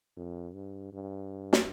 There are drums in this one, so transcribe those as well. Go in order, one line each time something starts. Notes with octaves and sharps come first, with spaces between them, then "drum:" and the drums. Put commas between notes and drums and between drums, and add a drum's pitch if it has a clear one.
F2
G2
G2
drum: snare